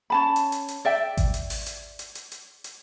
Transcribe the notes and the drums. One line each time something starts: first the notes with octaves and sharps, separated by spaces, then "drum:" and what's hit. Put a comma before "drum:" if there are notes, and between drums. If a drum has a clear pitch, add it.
C#4 A5 B5
drum: hi-hat
drum: hi-hat
drum: hi-hat
D5 E5 G5
drum: kick G#1, hi-hat
drum: hi-hat
drum: open hi-hat
drum: hi-hat
drum: hi-hat
drum: hi-hat
drum: hi-hat
drum: hi-hat